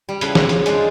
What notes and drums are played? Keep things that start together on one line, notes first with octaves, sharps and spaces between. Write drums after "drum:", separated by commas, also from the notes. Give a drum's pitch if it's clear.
G3
F2 C#3 F3 E4 B4, drum: hi-hat
drum: snare
drum: hi-hat
G#3 C4 D4 D#4 F4, drum: hi-hat